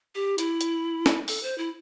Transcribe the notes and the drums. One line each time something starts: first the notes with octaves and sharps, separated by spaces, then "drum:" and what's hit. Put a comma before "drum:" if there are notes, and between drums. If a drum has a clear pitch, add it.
G4
E4, drum: hi-hat
drum: hi-hat
drum: snare
A4, drum: open hi-hat
C5
E4